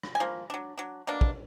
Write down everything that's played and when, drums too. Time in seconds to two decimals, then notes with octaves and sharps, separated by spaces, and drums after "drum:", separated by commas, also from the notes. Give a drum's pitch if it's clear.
0.03 drum: rim click
0.15 G#5
0.20 F3 A#3
0.50 F#3 D4
0.77 F#3 D4
1.07 B2 A#3 D4
1.21 drum: kick